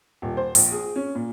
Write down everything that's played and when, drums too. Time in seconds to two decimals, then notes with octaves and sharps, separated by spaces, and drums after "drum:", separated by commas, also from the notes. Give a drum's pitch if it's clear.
0.22 D#1
0.37 C5
0.55 A#1, drum: open hi-hat
0.72 G#4
0.96 C#4
1.15 A#2